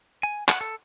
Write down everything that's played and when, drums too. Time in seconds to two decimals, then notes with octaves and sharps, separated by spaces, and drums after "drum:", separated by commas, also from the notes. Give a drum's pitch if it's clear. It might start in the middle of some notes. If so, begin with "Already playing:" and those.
0.23 G#5
0.48 F#5, drum: clap
0.61 A4